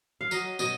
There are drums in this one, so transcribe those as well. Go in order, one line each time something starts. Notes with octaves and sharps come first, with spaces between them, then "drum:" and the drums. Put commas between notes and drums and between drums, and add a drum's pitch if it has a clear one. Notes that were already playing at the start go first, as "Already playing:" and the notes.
F5
F#3 D#5, drum: tambourine
B2 D#5, drum: tambourine